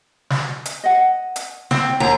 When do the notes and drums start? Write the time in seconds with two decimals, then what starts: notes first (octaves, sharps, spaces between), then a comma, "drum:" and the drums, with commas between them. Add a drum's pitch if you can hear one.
0.30 drum: snare
0.65 drum: hi-hat
0.84 D#5 F#5
1.36 drum: hi-hat
1.71 C4, drum: snare
2.00 D#2 D3 A#5